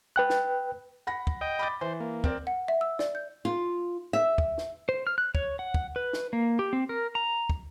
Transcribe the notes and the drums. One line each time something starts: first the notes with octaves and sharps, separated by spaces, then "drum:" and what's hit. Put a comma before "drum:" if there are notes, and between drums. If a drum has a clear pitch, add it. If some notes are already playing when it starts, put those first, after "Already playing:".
B4 G5 F#6
drum: snare
F#5 B5 A#6
drum: kick
D#5 G5
B5 D6 A6
E3 C5
A#3
C4 A#4 D5, drum: kick
F#5
E5
E6
D5, drum: snare
G6
F4
E5
drum: kick
drum: snare
C5
F6
F#6
C#5, drum: kick
F#5
drum: kick
B4
drum: snare
A#3
G4
C4
A#4
A#5
drum: kick